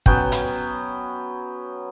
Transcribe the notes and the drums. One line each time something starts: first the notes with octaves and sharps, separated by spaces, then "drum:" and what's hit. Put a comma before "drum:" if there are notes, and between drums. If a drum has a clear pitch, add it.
F#3 B3 C#4 G5, drum: kick
drum: hi-hat